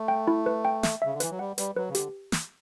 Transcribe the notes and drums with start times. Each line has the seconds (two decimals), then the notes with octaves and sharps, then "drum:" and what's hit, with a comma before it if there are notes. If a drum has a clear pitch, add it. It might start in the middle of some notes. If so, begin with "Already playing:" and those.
Already playing: A3
0.08 G5
0.27 E4
0.46 B4
0.65 G5
0.83 E5, drum: snare
1.02 C#3 E5
1.14 D3
1.20 E3 B4, drum: hi-hat
1.30 F#3
1.39 G3 F#5
1.58 G3 B4, drum: hi-hat
1.76 F#3 B4
1.90 C#3
1.95 D3 G4, drum: hi-hat
2.32 drum: snare